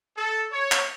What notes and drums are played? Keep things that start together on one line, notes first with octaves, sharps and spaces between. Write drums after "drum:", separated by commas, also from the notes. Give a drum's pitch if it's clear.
A4
C#5
drum: clap